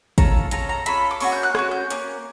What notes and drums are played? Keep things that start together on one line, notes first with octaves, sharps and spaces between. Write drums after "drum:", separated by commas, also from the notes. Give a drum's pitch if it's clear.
C#4 F4 A4 A#5, drum: kick, hi-hat
C#4 F4 A4 A#5, drum: hi-hat
A#5
C#4 F4 A4 B5, drum: hi-hat
D6
A#3 C#4 F#4 C#6, drum: open hi-hat
G6
F#6
A#3 C#4 F#4 F#6, drum: rim click
G6
A#3 C#4, drum: hi-hat